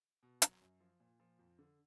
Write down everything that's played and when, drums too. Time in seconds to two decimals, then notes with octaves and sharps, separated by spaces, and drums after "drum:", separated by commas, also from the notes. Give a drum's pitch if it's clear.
0.23 B2
0.42 F#3, drum: hi-hat
0.61 F#2
0.80 F3
1.00 A#2
1.20 F3
1.39 F2
1.59 D3